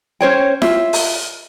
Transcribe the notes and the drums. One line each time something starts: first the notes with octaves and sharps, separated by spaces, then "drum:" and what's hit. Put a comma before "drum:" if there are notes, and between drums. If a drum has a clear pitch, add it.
C#4 C5 C#5 G5
F4 E5, drum: snare E4
drum: open hi-hat